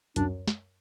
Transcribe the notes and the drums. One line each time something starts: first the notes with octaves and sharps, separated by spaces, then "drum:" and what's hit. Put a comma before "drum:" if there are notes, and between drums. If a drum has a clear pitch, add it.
F#2 D4, drum: hi-hat
drum: snare